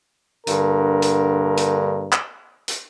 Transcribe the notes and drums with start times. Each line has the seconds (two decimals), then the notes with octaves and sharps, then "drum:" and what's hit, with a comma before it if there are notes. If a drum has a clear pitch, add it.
0.47 G2 D3 A#3 A#4, drum: hi-hat
1.02 drum: hi-hat
1.57 drum: hi-hat
2.13 drum: clap
2.68 drum: hi-hat